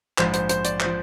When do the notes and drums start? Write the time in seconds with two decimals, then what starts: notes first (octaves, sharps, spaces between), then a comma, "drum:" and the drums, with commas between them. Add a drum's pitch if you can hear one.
0.18 A#1 G#2 F3 C5, drum: clap
0.34 C5, drum: hi-hat
0.49 C5, drum: hi-hat
0.65 D5, drum: hi-hat
0.80 C5, drum: clap
0.84 F3